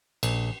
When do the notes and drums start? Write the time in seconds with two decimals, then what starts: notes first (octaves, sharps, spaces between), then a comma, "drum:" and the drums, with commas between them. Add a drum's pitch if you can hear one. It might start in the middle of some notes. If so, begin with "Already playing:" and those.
0.23 A#1, drum: cymbal